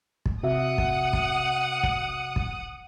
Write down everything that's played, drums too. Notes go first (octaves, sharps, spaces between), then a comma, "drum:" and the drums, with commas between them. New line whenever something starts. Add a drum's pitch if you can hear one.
drum: kick
C3 F#4 E5 F#5 D#6
drum: kick
drum: kick
drum: kick
drum: kick